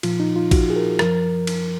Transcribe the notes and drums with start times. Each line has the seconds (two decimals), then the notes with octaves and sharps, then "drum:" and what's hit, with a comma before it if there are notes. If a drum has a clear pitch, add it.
0.03 A#2 F3 F4, drum: cymbal
0.20 D#4
0.36 F4
0.51 F#4, drum: kick A1, cymbal
0.70 G#4
0.76 A#4
0.99 F#2 F3 A#4, drum: rim click
1.47 drum: cymbal